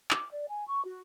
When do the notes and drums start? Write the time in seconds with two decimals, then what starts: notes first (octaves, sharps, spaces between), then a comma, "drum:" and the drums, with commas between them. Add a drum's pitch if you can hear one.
0.11 D6, drum: clap
0.30 D5
0.47 G#5
0.66 C#6
0.85 F#4